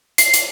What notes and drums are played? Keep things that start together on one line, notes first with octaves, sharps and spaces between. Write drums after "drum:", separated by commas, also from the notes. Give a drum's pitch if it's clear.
C7, drum: hi-hat
drum: hi-hat